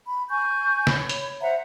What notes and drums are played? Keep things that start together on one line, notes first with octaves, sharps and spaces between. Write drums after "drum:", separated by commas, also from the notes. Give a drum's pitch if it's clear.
B5
G#5 C#6 G6
C#5 B5, drum: snare
drum: hi-hat
C5 E5 F#5 A#5